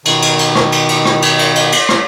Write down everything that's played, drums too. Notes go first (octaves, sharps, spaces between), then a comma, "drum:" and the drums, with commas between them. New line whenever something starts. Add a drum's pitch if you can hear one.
B2 D#3, drum: cymbal
drum: cymbal
drum: cymbal
drum: rim click
drum: cymbal
drum: cymbal
drum: rim click
drum: cymbal
drum: cymbal
drum: cymbal
drum: cymbal
drum: rim click